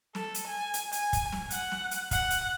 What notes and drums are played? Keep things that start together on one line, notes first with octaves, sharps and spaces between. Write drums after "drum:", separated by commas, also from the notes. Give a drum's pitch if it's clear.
A4, drum: snare
drum: hi-hat
G#5
drum: hi-hat
G#5, drum: hi-hat
drum: kick, hi-hat
drum: snare
F#5, drum: hi-hat
drum: snare
drum: hi-hat
F#5, drum: kick, hi-hat
drum: hi-hat